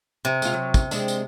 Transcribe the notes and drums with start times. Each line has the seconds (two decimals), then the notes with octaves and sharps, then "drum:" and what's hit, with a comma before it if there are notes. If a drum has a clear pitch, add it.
0.25 C3
0.42 G#3 F4, drum: tambourine
0.54 F#3
0.74 drum: kick, tambourine
0.91 G#3 C4 D4, drum: tambourine
1.08 drum: tambourine